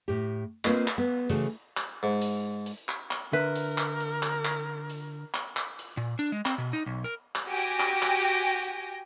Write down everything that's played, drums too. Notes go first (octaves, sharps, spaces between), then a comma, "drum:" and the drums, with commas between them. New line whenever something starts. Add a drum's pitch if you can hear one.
A2 G4
A#3 C4 F4 A#4 B4 D#5, drum: clap
drum: clap
B3
C#3 E3 A3 F#4, drum: hi-hat
drum: clap
G#2
drum: hi-hat
drum: hi-hat
drum: clap
drum: clap
D3 A#4 B4 E5
drum: hi-hat
drum: clap
drum: hi-hat
drum: clap
drum: clap
drum: hi-hat
drum: clap
drum: clap
drum: hi-hat
A#2
D4
G#3
C4, drum: clap
B2
D#4
B1
A#4
drum: clap
F#4 G4 G5 G#5 A#6 D7
drum: hi-hat
drum: clap
drum: clap
drum: hi-hat